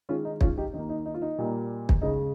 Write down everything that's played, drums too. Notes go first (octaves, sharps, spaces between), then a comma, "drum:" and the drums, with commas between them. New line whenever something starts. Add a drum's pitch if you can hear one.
D#3 G#3 C#4 F4
D#4
C#4 F4, drum: kick
D#4 G4
D#3 A#3 D#4
D#4
D#4
F4
D#4
A#2 G3 A#3
drum: kick
C#3 G#3 D#4